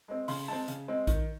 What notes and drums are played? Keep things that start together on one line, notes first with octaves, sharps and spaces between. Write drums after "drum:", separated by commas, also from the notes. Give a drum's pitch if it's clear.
G#3 C4
C#3 C6, drum: open hi-hat
G#3 C4 A5
C#3, drum: hi-hat
G#3 C4
D#3, drum: kick A#1, hi-hat